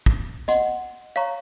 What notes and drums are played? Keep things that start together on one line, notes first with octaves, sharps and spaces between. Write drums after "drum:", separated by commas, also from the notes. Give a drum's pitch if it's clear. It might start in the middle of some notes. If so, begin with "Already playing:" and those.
drum: kick
D#5 F#5 C6, drum: hi-hat
C#5 F5 A#5 C#6